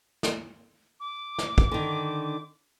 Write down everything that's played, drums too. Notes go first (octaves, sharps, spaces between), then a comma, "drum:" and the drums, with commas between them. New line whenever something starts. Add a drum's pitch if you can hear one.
drum: snare
D6
drum: snare
drum: kick
D3 D#3